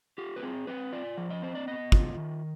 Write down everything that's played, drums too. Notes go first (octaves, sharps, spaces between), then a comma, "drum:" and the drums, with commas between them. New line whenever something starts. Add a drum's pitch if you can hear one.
F4 G4
B4
C4 G#4
C4 B4
F4 D5
F3
D#5
C4 C5
D5
B3 D#5
F4, drum: kick
D#3